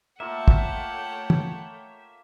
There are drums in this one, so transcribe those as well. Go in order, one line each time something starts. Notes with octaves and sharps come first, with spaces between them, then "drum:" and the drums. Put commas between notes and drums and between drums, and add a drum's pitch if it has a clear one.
A3 A#3 F4 C#5 E5 F#5 G5 A5
drum: kick
drum: tom